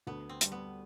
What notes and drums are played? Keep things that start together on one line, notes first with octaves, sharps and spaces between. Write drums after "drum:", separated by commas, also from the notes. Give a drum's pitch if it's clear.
D2 B3
C4
G3, drum: hi-hat
B3